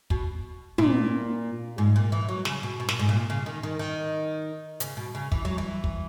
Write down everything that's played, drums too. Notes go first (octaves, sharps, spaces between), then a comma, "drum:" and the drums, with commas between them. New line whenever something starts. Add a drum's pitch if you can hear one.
B2, drum: kick
A#2, drum: tom
G#2
A#2
E3
F#3
C#3, drum: snare
B2
B2
A#2, drum: snare
G#2
A#2
C#3
D#3
D#3
D#3
C#3, drum: hi-hat
B2
C#3
E3, drum: kick
F#3
E3
drum: kick